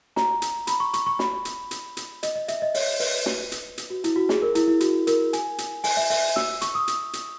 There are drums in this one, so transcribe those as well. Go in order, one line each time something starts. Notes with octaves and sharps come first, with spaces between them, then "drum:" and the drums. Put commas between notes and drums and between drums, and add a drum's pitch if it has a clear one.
A#5, drum: snare
drum: hi-hat
B5, drum: hi-hat
C#6
C#6, drum: hi-hat
C#6
B5, drum: snare
drum: hi-hat
drum: hi-hat
drum: hi-hat
D#5, drum: hi-hat
D#5
E5, drum: hi-hat
D#5
C#5, drum: open hi-hat
B4, drum: open hi-hat
drum: snare
drum: hi-hat
drum: hi-hat
F#4
E4, drum: hi-hat
F#4
G#4, drum: snare
A#4
E4, drum: hi-hat
E4
F#4, drum: hi-hat
A#4, drum: hi-hat
G#5, drum: hi-hat
drum: hi-hat
G#5, drum: open hi-hat
E5
E5, drum: open hi-hat
E6, drum: snare
C#6, drum: hi-hat
D#6
drum: hi-hat
drum: hi-hat